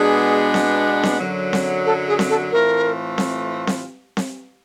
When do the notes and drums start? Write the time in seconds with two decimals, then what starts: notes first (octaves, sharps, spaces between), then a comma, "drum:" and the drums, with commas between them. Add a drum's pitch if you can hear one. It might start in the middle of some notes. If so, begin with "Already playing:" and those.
Already playing: B2 G#3 B3 D4 G#4
0.54 drum: snare C4
1.03 drum: snare C4
1.20 F#2 D3 F#3
1.53 drum: snare C4
1.86 A4
2.08 G#4
2.19 drum: snare C4
2.30 A4
2.52 A2 E3 A3 C4 F4 A#4
3.18 drum: snare C4
3.67 drum: snare C4
4.17 drum: snare C4